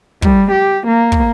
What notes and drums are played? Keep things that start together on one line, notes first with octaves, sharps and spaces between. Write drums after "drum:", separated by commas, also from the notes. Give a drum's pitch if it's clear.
G3, drum: kick
G4
A#3
drum: kick